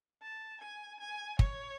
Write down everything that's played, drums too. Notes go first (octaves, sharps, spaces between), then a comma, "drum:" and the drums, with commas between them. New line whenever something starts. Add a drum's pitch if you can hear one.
A5
G#5
G#5
C#5, drum: kick